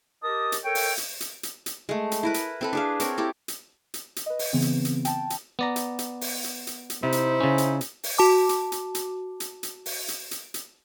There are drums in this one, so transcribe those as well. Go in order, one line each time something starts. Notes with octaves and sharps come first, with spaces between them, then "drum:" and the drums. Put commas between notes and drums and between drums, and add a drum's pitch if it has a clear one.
G4 A#4 D#5 A5 D#6
drum: hi-hat
A4 A#4 C#5 G5
drum: open hi-hat
drum: hi-hat
drum: hi-hat
drum: hi-hat
drum: hi-hat
G#3 A3
drum: hi-hat
E4 A#4 B4
drum: hi-hat
C4 A4 B4
D4 G#4 F5
C4 A#4 C#5, drum: hi-hat
E4 G4 A4
drum: hi-hat
drum: hi-hat
drum: hi-hat
B4 D#5
drum: open hi-hat
C#3 E3 B3 C4
drum: hi-hat
drum: hi-hat
G5 A5, drum: hi-hat
drum: hi-hat
B3 D5 A#5
drum: hi-hat
drum: hi-hat
drum: open hi-hat
drum: hi-hat
drum: hi-hat
drum: hi-hat
C3 D#4 E4 C5
drum: hi-hat
C#3 C#4
drum: hi-hat
drum: hi-hat
drum: open hi-hat
F#4 A5 D6
drum: hi-hat
drum: hi-hat
drum: hi-hat
drum: hi-hat
drum: hi-hat
drum: open hi-hat
drum: hi-hat
drum: hi-hat
drum: hi-hat